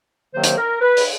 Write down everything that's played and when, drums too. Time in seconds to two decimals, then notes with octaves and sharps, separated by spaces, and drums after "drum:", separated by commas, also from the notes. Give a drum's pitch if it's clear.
0.34 C3 D#3 F#3 A#3 C5
0.44 drum: hi-hat
0.58 A#4
0.82 B4
0.97 drum: open hi-hat